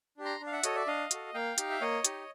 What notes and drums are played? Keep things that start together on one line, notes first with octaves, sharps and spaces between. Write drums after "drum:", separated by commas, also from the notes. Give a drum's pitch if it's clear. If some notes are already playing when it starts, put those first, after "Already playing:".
D4 G4
A#5 C6
D4
F5
E5 F#5
F#4 A4 C#5 D#5, drum: hi-hat
D5 E5
D4 D#5 F5
F#4 A4, drum: hi-hat
A#3 F5 G5
D#4 G4, drum: hi-hat
E5
A#3 C#5 D#5
D#4 G4, drum: hi-hat